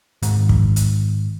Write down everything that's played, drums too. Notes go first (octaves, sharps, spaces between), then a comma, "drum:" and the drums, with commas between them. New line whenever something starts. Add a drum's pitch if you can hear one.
G#2 D#3, drum: hi-hat
drum: kick
drum: hi-hat